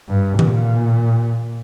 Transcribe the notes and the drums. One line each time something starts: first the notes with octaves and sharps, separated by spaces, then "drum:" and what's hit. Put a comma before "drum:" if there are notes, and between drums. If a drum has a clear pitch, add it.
G2
A#2, drum: tom D#3